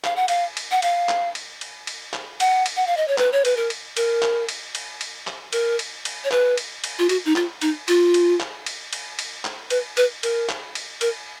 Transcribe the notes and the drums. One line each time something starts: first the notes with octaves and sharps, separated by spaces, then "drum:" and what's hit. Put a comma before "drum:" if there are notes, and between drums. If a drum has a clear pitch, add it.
F5, drum: clap
F#5
F5, drum: cymbal
drum: cymbal
F#5
F5, drum: cymbal
drum: clap
drum: cymbal
drum: cymbal
drum: cymbal
drum: clap
F#5, drum: cymbal
drum: cymbal
F#5
F5
D#5
C#5
B4, drum: clap
C#5
B4, drum: cymbal
A#4
drum: cymbal
A#4, drum: cymbal
drum: clap
drum: cymbal
drum: cymbal
drum: cymbal
drum: clap
A#4, drum: cymbal
drum: cymbal
drum: cymbal
C#5
B4, drum: clap
drum: cymbal
drum: cymbal
F4
F#4, drum: cymbal
D#4
F4, drum: clap
D#4, drum: cymbal
F4, drum: cymbal
drum: cymbal
drum: clap
drum: cymbal
drum: cymbal
drum: cymbal
drum: clap
B4, drum: cymbal
B4, drum: cymbal
A#4, drum: cymbal
drum: clap
drum: cymbal
A#4, drum: cymbal